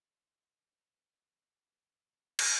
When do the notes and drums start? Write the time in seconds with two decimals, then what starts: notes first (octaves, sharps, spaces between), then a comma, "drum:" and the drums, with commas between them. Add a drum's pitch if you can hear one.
0.09 C5 C#5 C6
2.39 drum: cymbal